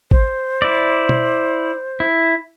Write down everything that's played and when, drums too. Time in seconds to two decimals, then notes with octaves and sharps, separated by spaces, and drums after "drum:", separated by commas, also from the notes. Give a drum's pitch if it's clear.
0.11 C5, drum: kick
0.62 E4 D5
1.09 drum: tom B2
2.00 E4